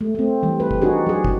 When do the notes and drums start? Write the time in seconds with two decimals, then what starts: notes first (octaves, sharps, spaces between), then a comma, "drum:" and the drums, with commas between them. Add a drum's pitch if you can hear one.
0.01 A3
0.15 A3 C4
0.43 E3 G3
0.60 B4
0.71 drum: kick
0.82 D4 D#4 F#4 G#4
1.07 F#3 G#4
1.25 drum: kick